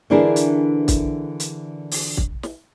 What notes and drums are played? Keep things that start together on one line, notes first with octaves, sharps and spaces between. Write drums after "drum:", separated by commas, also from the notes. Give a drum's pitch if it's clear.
D3 E3 D4 E4 G#4 A#4
drum: hi-hat
drum: kick, hi-hat
drum: hi-hat
drum: open hi-hat
drum: kick
drum: snare